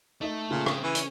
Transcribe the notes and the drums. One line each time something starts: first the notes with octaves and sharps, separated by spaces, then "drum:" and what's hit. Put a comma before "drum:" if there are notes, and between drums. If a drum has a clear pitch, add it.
A3 D#4 D#5
A#2 C#3
C#3 C4 G#4, drum: rim click
E3 C#4
drum: hi-hat